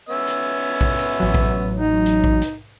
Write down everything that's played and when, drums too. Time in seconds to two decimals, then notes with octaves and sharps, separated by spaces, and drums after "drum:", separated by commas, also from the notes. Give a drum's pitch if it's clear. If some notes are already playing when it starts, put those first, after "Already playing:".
0.09 B3 C#4 E5
0.27 drum: hi-hat
0.81 drum: kick A#1
0.99 drum: hi-hat
1.20 A1 F#3
1.34 drum: kick A#1
1.76 D#4
2.06 drum: hi-hat
2.24 drum: kick A#1
2.42 drum: hi-hat